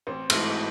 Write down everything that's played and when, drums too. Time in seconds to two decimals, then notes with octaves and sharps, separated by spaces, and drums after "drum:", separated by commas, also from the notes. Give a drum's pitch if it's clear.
0.07 A1 C4
0.30 G#2 E3 A3, drum: cymbal